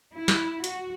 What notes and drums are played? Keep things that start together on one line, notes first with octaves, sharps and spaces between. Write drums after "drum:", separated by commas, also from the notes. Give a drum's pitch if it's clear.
E4
drum: snare
F#4, drum: hi-hat